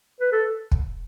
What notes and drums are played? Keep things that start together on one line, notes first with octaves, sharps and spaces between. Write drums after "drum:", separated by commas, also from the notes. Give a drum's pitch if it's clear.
B4
A4
drum: kick